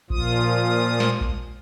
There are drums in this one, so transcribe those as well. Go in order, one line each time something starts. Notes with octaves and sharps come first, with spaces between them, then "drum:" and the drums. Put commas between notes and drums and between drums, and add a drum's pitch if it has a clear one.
A#2 F3 F4 D#6, drum: kick A1
drum: snare
drum: kick A1